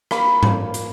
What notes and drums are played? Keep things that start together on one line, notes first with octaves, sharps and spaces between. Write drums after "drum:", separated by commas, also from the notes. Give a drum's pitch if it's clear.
A#3 B5, drum: rim click
drum: tom G#2
drum: hi-hat